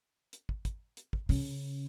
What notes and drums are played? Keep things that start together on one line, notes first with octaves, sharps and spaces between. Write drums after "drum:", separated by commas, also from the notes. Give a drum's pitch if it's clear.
drum: hi-hat
drum: kick
drum: kick, hi-hat
drum: hi-hat
drum: kick
C#3, drum: open hi-hat